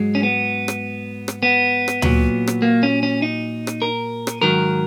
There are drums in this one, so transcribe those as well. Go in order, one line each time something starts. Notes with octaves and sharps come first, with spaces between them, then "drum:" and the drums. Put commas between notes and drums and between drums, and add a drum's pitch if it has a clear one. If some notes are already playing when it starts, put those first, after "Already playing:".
Already playing: G#2 F#3 G#3
C#4
B3
drum: rim click
drum: rim click
B3
drum: rim click
A#2 F#3, drum: tom D2
drum: rim click
A#3
C#4
C#4
D#4
drum: rim click
A#4
drum: rim click
G#2 D#3 F#3 A#4